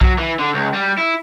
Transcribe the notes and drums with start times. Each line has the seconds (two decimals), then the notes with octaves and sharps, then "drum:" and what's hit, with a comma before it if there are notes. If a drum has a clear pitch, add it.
0.01 F#3, drum: kick B1
0.18 E3
0.39 D3
0.54 C#2
0.74 G3
0.97 E4